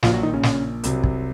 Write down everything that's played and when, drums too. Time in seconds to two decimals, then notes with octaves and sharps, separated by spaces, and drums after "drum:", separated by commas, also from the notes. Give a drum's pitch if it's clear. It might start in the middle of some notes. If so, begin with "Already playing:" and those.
0.03 A#1 A#2 F3 F#3 F4, drum: snare
0.13 F#3 F#4
0.23 D#3 D#4
0.34 C#3 C#4
0.43 drum: snare
0.84 C2 C3 F#3, drum: hi-hat
1.04 drum: kick